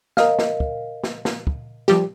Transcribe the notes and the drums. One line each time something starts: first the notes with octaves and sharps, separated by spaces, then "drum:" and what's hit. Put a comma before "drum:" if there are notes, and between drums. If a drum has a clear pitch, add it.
A#4 D#5 F5, drum: snare
drum: snare
drum: kick
drum: snare
drum: snare
drum: kick
F3 G3 G4, drum: snare